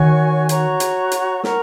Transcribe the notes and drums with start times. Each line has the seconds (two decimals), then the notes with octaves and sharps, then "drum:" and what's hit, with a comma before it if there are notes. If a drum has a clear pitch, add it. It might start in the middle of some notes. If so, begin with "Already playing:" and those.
Already playing: D#3 F#4 C#5 G#5 C#6
0.49 F#4 C#5 A#5 C#6, drum: hi-hat
0.80 drum: hi-hat
1.12 drum: hi-hat
1.44 A#4 F#5 A#5 C#6, drum: snare